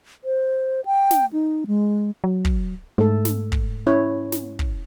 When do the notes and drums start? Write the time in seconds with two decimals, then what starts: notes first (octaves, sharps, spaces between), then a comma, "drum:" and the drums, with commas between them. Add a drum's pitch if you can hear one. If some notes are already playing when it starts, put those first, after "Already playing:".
0.24 C5
0.85 G5
1.11 drum: snare
1.33 D#4
1.67 G#3
2.24 F#3
2.45 drum: kick
2.98 G#2 A3 A4
3.25 drum: snare
3.52 drum: kick
3.87 C#4 E4 C#5
4.32 drum: snare
4.59 drum: kick